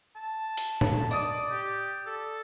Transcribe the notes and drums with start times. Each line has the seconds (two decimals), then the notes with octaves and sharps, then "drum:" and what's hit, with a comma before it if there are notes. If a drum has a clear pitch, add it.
0.16 A5
0.57 drum: hi-hat
0.81 drum: tom A2
1.11 D5 D6 D#6, drum: tambourine
1.51 G4
2.06 A4